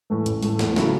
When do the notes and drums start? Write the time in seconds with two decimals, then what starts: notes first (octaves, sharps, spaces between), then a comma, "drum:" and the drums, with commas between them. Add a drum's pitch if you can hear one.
0.10 A2 E3 A3
0.26 A1, drum: hi-hat
0.43 A2 A3, drum: open hi-hat
0.59 E2, drum: snare
0.76 C#3 F#3 A3 E4, drum: snare